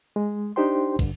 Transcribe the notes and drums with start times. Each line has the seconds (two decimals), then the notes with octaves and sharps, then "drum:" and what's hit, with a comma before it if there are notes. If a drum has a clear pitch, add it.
0.16 G#3
0.56 D4 D#4 G4 C5 G5 C6
0.99 G2 D3, drum: kick, cymbal